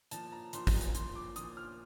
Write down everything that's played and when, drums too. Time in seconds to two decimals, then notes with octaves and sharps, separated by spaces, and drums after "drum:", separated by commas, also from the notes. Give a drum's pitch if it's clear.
0.11 A#2 F3 A5, drum: hi-hat
0.32 A#5
0.53 A#2 F3 C6, drum: hi-hat
0.67 drum: kick, open hi-hat
0.81 drum: hi-hat
0.95 A#2 F3 C6, drum: hi-hat
1.15 D6
1.36 A#2 F3 D#6, drum: hi-hat
1.57 F6